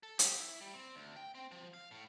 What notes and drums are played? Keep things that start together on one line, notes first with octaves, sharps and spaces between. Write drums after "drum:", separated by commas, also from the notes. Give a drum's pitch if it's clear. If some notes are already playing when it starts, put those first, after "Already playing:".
A4
G4, drum: hi-hat
E4
G3
C4
D2
G5
C4
F3
F5
A2